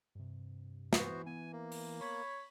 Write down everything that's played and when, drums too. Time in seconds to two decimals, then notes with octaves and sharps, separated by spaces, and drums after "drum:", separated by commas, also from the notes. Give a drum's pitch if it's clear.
0.15 G2 C3
0.93 E3 B3 F#4 C5, drum: snare
1.26 B3 G#5
1.52 A#3
1.72 drum: open hi-hat
2.01 C#5 B5